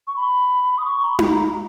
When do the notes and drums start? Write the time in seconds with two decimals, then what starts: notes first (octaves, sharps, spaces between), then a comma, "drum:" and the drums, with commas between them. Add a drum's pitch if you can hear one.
0.07 C#6
0.16 B5
0.78 D#6
0.85 C#6
1.04 A#5
1.09 B5
1.19 drum: tom D#4
1.31 A#5